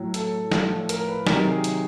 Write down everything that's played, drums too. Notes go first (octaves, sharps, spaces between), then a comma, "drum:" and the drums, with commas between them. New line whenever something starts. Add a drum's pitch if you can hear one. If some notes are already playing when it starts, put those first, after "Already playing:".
Already playing: A2 F#3
A4, drum: hi-hat
A2 F3, drum: snare
A#4, drum: hi-hat
B4
C3 D#3 F#3 A#4, drum: snare
G#4
drum: hi-hat